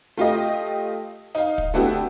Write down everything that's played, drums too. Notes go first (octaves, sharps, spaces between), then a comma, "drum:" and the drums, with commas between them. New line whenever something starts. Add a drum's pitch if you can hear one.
A3 F4 G4 D#5
D#4 F5, drum: hi-hat
drum: kick
A3 B3 D4 E4 F#4 G4